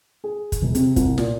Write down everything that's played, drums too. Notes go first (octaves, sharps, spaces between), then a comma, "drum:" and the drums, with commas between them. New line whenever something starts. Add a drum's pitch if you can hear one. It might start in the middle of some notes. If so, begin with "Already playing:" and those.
G#4
drum: kick, hi-hat
E1
C3, drum: hi-hat
C2, drum: kick, hi-hat
A#2, drum: snare